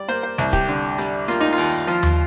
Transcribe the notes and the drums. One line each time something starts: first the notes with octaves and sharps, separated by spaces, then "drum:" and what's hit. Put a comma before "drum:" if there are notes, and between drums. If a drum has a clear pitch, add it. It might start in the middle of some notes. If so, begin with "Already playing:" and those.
Already playing: G3 D5
A#3 C5
C5
C2, drum: hi-hat
G4, drum: kick
D3
G3, drum: hi-hat
A#3 F4, drum: hi-hat
D#4
F4
D#2, drum: open hi-hat
F3 F4
drum: tom D#2